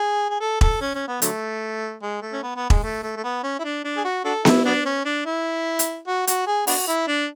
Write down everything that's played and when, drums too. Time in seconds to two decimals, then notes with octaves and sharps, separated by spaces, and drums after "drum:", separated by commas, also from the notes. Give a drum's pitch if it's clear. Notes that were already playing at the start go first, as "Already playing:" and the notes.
Already playing: G#4
0.30 G#4
0.41 A4
0.61 A4, drum: kick E1
0.81 C#4
0.95 C#4
1.08 B3
1.22 D3 F#3 A3, drum: hi-hat
2.02 G#3
2.22 A3
2.33 C#4
2.43 B3
2.56 B3
2.70 G#3, drum: kick E1
2.83 A3
3.03 A3
3.16 A3
3.24 B3
3.43 C#4
3.59 E4
3.64 D4
3.85 D4
3.97 G#4
4.05 F#4
4.25 D4 F#4 A4
4.45 E4, drum: snare B3
4.65 F#3 B3 D4
4.86 C#4
5.05 D4
5.26 E4
5.79 drum: hi-hat
6.07 F#4
6.27 F#4, drum: hi-hat
6.47 G#4
6.67 B3 D4 F#4, drum: open hi-hat
6.87 E4
7.08 D4